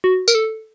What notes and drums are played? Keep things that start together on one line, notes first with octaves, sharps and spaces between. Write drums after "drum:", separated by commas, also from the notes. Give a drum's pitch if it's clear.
F#4
A#4, drum: tambourine
A4